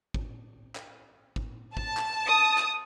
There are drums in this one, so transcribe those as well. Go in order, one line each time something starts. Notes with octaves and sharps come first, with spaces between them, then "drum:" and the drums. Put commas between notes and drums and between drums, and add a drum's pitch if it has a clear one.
drum: kick
drum: clap
drum: kick
A5, drum: kick
drum: clap
D#6
drum: clap